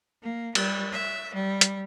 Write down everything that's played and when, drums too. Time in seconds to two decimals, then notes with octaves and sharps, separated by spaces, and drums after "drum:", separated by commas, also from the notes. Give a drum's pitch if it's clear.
0.22 A#3
0.55 G3, drum: cymbal
0.92 E5
1.34 G3
1.61 drum: hi-hat